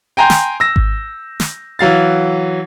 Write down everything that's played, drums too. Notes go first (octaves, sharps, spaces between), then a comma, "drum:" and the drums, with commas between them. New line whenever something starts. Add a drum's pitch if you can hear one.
G5 G#5 A#5 C6 G6
drum: snare
E6 A#6
drum: kick G#1
drum: snare
E3 F#3 F5 A6